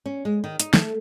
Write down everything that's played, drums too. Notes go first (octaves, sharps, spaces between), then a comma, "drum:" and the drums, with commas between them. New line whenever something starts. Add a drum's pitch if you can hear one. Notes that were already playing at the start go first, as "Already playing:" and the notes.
C#4
G#3
D#3
D#4, drum: hi-hat
A3, drum: snare